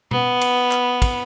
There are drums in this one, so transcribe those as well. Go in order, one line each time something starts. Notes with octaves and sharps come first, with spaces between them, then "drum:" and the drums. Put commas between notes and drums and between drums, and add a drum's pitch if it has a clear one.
B3, drum: tom B2
drum: cymbal
drum: clap
drum: kick, cymbal